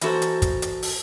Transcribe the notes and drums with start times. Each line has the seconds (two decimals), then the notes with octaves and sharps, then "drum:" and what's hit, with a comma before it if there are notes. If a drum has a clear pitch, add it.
0.01 E3 A#3 F#4 A4 C5, drum: hi-hat
0.22 drum: hi-hat
0.42 drum: kick, hi-hat
0.62 drum: hi-hat
0.82 drum: open hi-hat